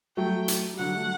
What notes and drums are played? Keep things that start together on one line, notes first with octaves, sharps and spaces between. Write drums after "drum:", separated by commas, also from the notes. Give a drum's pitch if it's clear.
F#3 A3 G5
drum: hi-hat
G3
D3 F#3 F#5
F#3 A3